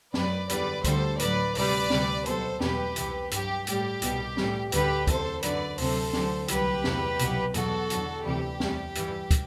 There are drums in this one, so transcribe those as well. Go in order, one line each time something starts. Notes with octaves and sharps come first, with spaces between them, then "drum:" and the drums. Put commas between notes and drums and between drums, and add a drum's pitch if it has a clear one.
F#2 F#3 B4 D5, drum: snare
E2 D3 G3 B4 D5, drum: hi-hat
D2 D3 G3 A4 C5, drum: kick, hi-hat
A2 F#3 B4 D5, drum: hi-hat
D2 C3 G3 B4 D5, drum: open hi-hat
D2 C3 G3, drum: snare
C2 B2 F#3 A4 C5, drum: hi-hat
E2 B2 F#3 G4 B4, drum: snare
C2 C3 E3, drum: hi-hat
G2 F#3 G4, drum: hi-hat
A2 G3 G4, drum: hi-hat
C2 B2 G3, drum: hi-hat
A2 E3 G3, drum: snare
D2 D3 G3 G4 B4, drum: hi-hat
E2 C3 F#3 A4 C5, drum: kick, hi-hat
F#2 D3 F#3 B4 D5, drum: hi-hat
D2 C3 F#3 A4 C5, drum: open hi-hat
D2 D3 F#3, drum: snare
C2 C3 F#3 G4 B4, drum: hi-hat
E2 C3 F#3, drum: snare
C2 B2 F#3, drum: hi-hat
E2 B2 F#3 F#4 A4, drum: hi-hat
E2 D3 F#3, drum: hi-hat
D2 C3 E3 G3 G4
E2 C3 G3, drum: snare
G2 E3 G3, drum: hi-hat
drum: kick, hi-hat